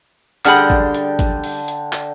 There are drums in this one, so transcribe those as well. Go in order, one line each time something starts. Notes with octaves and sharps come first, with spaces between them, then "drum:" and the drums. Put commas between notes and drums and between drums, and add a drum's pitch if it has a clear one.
D3 G3 G#4 F#5 G5 B5 F6, drum: clap
drum: kick G#1
drum: hi-hat
drum: kick G#1, hi-hat
drum: open hi-hat
drum: hi-hat
drum: clap